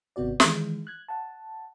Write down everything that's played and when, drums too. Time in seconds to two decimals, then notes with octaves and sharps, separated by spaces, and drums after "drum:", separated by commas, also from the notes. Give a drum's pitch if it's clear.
0.16 G#1 C3 B3 F#4 D5
0.40 D#3 E3 G#3, drum: snare
0.87 F#6 G#6
1.08 F#5 A5